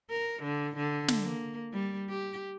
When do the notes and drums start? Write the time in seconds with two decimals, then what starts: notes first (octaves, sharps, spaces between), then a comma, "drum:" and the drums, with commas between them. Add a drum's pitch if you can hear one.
0.10 A#4
0.43 D3
0.77 D3
1.08 drum: snare
1.22 A#3
1.73 G3
2.09 G4